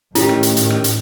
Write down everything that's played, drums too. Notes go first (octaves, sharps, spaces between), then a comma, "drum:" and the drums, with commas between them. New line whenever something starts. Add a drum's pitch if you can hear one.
A2 D#3 C#4 E4 G4, drum: hi-hat
drum: rim click
drum: hi-hat
drum: hi-hat
drum: rim click
drum: hi-hat